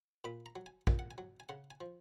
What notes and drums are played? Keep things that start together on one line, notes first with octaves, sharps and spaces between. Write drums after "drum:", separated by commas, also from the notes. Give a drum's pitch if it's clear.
A#2 B5
A#5
F#3
G#5
A#2 G#5, drum: kick
F#5
G#5
F#3
G#5
C#3 F#5
G#5
F3